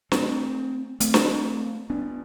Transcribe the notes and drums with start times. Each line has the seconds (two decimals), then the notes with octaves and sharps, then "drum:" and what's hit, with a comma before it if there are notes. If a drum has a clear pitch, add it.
0.12 A3 C4, drum: snare
1.00 A3 C4, drum: hi-hat
1.14 drum: snare
1.90 B3 D4